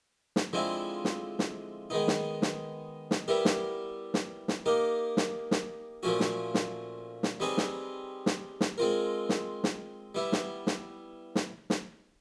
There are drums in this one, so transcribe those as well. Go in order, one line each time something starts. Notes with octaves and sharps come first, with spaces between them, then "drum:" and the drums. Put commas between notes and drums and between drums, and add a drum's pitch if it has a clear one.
drum: snare
D3 F3 G#3 C4 E4
drum: snare
drum: snare
D#3 G#3 B3 D#4
drum: snare
drum: snare
drum: snare
G3 B3 E4 G4 A#4
drum: snare
drum: snare
drum: snare
A#3 D#4 G4 A#4
drum: snare
drum: snare
A#2 F3 A3 C#4 F#4
drum: snare
drum: snare
drum: snare
G3 C4 D#4 G#4 B4
drum: snare
drum: snare
drum: snare
G#3 C4 F4 A#4
drum: snare
drum: snare
G3 B3 E4
drum: snare
drum: snare
drum: snare
drum: snare